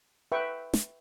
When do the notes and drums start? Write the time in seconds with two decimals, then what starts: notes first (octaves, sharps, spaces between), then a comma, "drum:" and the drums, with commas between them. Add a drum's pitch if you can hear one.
0.32 B4 E5 G5 C#6
0.74 drum: snare